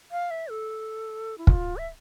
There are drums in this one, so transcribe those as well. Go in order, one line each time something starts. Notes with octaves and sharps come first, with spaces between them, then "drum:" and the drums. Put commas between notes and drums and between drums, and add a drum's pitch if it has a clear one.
F5
E5
A4
E4
F4, drum: kick
E5